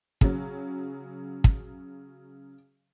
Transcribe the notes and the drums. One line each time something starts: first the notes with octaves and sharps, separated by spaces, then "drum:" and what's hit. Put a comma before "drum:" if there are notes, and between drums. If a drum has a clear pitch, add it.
C#3 F#3, drum: kick
drum: kick